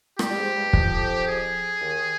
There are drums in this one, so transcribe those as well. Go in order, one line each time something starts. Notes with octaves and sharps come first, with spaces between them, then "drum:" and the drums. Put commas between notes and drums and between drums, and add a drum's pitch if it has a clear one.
G2 G3 G4, drum: rim click
G3
G#2 G#3
G2 G3
F2 F3, drum: kick
G#4
D#2 D#3